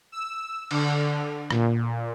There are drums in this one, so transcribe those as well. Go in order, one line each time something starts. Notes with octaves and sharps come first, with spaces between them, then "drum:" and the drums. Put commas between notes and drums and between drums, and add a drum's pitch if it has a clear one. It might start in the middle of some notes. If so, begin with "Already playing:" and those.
E6
D3, drum: cymbal
A#2, drum: rim click